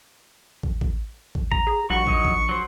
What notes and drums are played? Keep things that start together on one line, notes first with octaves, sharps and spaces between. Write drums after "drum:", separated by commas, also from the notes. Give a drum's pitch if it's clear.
drum: kick
drum: kick
drum: kick
A#5, drum: kick
G#4
A#1 G3 F#4 C#6
F#3 D#4 D#5, drum: kick
drum: kick
F#3 C5